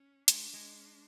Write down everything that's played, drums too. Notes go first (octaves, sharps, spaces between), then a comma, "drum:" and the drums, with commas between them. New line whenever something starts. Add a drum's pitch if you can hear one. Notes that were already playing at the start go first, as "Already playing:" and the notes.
Already playing: C#4
G#3 D4, drum: hi-hat
G#3